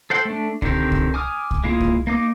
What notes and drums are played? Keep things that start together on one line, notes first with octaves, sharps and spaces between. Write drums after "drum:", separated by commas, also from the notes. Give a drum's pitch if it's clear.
A4 C5 F#5 G5
A3 D4
D3 D#3 C4 G4 A#4, drum: kick C2
drum: kick C2
G#5 D6 D#6 F6
drum: kick C2
G#3 A#3 E4 F4 G#4
drum: kick C2
A#3 D#4 D6